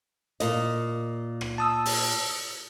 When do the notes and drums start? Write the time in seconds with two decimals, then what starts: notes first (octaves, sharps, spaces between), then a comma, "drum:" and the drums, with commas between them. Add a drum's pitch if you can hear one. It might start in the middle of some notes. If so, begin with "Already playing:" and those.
0.40 A#2 D#5, drum: hi-hat
1.41 drum: rim click
1.58 A5 D#6 E6
1.85 drum: open hi-hat